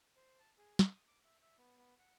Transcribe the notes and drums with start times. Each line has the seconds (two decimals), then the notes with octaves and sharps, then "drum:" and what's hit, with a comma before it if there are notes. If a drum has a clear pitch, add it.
0.16 C5
0.39 A5
0.58 G#4
0.79 A4, drum: snare
0.92 D#6
1.07 D6
1.25 E5
1.42 E5
1.58 B3
1.77 B3
1.99 F#5